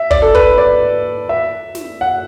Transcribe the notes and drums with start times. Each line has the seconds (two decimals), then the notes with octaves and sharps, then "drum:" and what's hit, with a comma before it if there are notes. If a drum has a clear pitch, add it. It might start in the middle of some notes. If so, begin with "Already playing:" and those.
Already playing: E5
0.11 D5, drum: kick
0.22 A4
0.35 B4, drum: kick
0.58 D5
1.29 E5
1.75 drum: snare
2.01 F#5